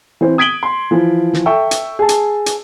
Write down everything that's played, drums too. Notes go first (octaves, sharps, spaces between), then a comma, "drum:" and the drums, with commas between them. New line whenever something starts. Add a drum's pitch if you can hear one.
E3 C4
D#6 G#6 B6 D7 F#7 G7
C6
E3 F3
drum: snare
A4 E5 G5 C#6 E6
drum: hi-hat
G#4 A5
drum: hi-hat
drum: hi-hat